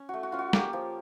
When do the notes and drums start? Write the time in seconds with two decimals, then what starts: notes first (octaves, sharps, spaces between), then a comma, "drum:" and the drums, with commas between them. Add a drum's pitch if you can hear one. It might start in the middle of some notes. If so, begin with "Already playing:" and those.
Already playing: C#4
0.09 A3 F#4
0.23 F#4
0.32 C#4 F4
0.39 F#4
0.53 A#3 G4, drum: snare
0.73 F3